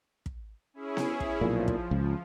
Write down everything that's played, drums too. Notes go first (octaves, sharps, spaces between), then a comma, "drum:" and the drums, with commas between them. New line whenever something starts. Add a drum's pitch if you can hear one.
drum: kick
C#4 E4 G#4
drum: snare B3
drum: kick
B1 A#2 F3
drum: kick
C#2